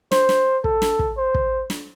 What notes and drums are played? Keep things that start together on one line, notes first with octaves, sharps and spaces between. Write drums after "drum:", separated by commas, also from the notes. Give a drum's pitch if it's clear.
C5, drum: snare
drum: snare
A4, drum: kick
drum: snare
drum: kick
C5
drum: kick
drum: snare